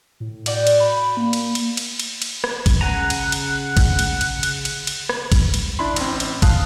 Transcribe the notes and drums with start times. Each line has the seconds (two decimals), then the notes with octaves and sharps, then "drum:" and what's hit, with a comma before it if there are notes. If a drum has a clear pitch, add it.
0.20 A2
0.46 F#4 D5 G5, drum: cymbal
0.67 drum: cymbal
0.80 B5
1.17 A#3
1.33 drum: cymbal
1.55 drum: cymbal
1.77 drum: cymbal
1.99 drum: cymbal
2.22 drum: cymbal
2.44 drum: rim click
2.66 drum: kick G#1, cymbal
2.81 C#3 F#5 G#5 A#5
3.10 drum: cymbal
3.32 drum: cymbal
3.77 drum: kick G#1, cymbal
3.99 drum: cymbal
4.21 drum: cymbal
4.43 drum: cymbal
4.65 drum: cymbal
4.87 drum: cymbal
5.09 drum: rim click
5.32 drum: kick G#1, cymbal
5.54 drum: cymbal
5.79 D4 E4 B5 C6
5.96 A1 C4, drum: cymbal
6.20 drum: cymbal
6.42 F5 A5 D#6 F#6, drum: kick G#1, cymbal